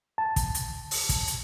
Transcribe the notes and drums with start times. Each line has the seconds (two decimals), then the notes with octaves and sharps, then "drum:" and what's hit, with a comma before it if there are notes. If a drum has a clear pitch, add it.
0.18 A5
0.36 drum: kick, hi-hat
0.55 drum: hi-hat
0.91 drum: open hi-hat
1.09 drum: kick, hi-hat
1.27 drum: hi-hat